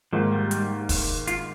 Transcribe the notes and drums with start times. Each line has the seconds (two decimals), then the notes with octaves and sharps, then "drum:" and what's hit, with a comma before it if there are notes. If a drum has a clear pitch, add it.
0.13 G#2 D#3 F3 A#3
0.32 G3
0.51 drum: hi-hat
0.89 drum: kick, open hi-hat
1.27 F4, drum: hi-hat